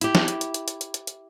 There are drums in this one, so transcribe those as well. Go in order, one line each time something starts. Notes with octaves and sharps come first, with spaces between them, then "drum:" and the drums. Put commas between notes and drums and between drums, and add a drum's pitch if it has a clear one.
E4 G4, drum: hi-hat
drum: snare
drum: hi-hat
drum: hi-hat
drum: hi-hat
drum: hi-hat
drum: hi-hat
drum: hi-hat
drum: hi-hat